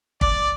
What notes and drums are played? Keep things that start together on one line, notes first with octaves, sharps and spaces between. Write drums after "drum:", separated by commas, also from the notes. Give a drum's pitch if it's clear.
D5, drum: kick